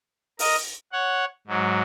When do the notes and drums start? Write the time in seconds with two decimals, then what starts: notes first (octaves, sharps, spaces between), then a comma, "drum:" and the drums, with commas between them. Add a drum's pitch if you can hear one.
0.39 A#4 D#5, drum: open hi-hat
0.93 C#5 F#5
1.47 G#2 F#3